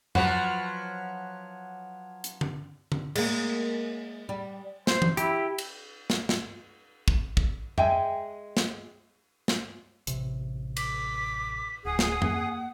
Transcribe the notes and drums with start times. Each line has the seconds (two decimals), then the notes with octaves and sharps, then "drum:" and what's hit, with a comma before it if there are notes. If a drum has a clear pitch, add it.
0.15 F3 F#3 F#4 B4, drum: tom F2
2.24 drum: hi-hat
2.41 drum: tom D3
2.92 drum: tom D3
3.15 G#3 A#3, drum: cymbal
4.29 G3
4.87 C5, drum: snare
5.02 drum: tom E3
5.17 E4 G4, drum: hi-hat
5.58 drum: cymbal
6.10 drum: snare
6.29 drum: snare
7.08 drum: kick
7.37 drum: kick
7.78 G#3 E5 G5 G#5, drum: tom F2
8.57 drum: snare
9.48 drum: snare
10.07 A1 C3, drum: hi-hat
10.77 D6 B6, drum: cymbal
11.85 D1 G#4 F#5 D#6
11.99 drum: snare
12.22 A#3, drum: tom F2